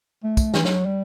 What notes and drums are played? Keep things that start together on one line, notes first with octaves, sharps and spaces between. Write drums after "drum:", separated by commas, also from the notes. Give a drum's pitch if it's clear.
A3
drum: kick, tambourine
E3, drum: snare
F#3, drum: snare
G3